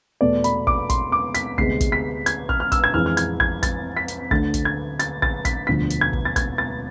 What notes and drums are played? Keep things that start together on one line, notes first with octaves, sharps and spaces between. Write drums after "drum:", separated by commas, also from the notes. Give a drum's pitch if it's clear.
E2 B2 A3 D5
B5, drum: hi-hat
D6, drum: kick
C6, drum: kick, hi-hat
D6
B6, drum: hi-hat
D2 C3 G#3 B3 C7, drum: kick
drum: kick, hi-hat
B6
G#6, drum: hi-hat
F6, drum: kick
F6
E6, drum: kick, hi-hat
G#6
F2 E3 G#3 F6
F6
G#6, drum: hi-hat
G#6, drum: kick
A6, drum: kick, hi-hat
B6
drum: hi-hat
D2 D3 A3 A6, drum: kick
drum: kick, hi-hat
G#6
A6, drum: hi-hat
A6, drum: kick
B6, drum: kick, hi-hat
E1 D2 D3 F3 B6
drum: hi-hat
G#6
drum: kick
A6
G#6, drum: kick, hi-hat
A6